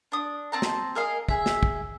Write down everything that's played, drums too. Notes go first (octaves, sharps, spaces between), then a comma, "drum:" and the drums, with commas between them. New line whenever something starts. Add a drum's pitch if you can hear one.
D4 D#6
C4 A5 A#5
drum: snare
G#4 A#4 D#5 F5
G#4 E5, drum: kick
drum: snare
drum: kick